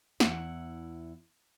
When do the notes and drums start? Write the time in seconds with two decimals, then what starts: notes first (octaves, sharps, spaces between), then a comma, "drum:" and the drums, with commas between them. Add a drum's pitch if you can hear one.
0.20 E2 E4 F#5, drum: snare